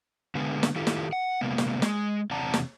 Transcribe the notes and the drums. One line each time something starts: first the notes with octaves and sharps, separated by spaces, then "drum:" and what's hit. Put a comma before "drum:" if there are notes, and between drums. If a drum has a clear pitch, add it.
D3 G#3 B3 G#4
drum: snare
D#3 E4 F4 G4 A4
drum: snare
F#5
C3 G#3 A#3 B3
drum: snare
G#3, drum: snare
E2 C3 D5 F#5 A5 A#5
drum: snare